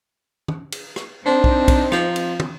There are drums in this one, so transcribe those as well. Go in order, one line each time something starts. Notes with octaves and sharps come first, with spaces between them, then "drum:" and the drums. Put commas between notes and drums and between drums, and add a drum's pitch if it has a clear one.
drum: tom
drum: cymbal
drum: rim click
C4 D4 D#4 C5
drum: kick B1
drum: kick B1, cymbal
F3, drum: rim click
drum: cymbal
drum: tom